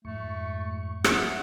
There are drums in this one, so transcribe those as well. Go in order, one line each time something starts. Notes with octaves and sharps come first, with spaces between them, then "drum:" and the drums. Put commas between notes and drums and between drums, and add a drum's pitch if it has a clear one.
F2 G#2 A3 C#6
G#4 C#5 E5 F#5, drum: rim click